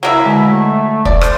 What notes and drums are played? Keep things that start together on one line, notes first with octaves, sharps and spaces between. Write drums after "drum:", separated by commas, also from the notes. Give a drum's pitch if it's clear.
C#3 F#3 A#3 E4
B2 D3 G#3
A3
D5, drum: kick
C5, drum: rim click